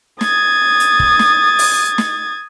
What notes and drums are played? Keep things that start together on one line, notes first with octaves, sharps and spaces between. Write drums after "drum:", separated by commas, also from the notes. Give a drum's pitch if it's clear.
D#6 G#6 A6, drum: snare
drum: hi-hat
drum: kick
drum: snare
drum: open hi-hat
drum: snare